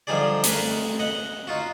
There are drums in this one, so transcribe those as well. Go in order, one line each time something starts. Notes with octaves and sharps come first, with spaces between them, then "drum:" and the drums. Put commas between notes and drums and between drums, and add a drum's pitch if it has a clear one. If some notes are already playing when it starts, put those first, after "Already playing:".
D3 F3 G3 D#4 G#4 D5
A3 G#4 A#4 B4, drum: hi-hat
D#5 F#5
D#4 F4 F#4